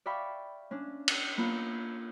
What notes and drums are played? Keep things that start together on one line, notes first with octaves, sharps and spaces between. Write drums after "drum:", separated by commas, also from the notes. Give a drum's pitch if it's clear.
D5 E5 F5 G5 B5 C#6
C#4 D4
drum: cymbal
A#3 B3 F4